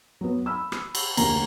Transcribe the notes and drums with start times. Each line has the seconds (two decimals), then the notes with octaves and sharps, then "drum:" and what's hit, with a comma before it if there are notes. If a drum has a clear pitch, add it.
0.21 F#3 B3
0.46 B5 E6
0.72 drum: rim click
0.95 drum: cymbal
1.17 F1 D2 A#3 A#5, drum: cymbal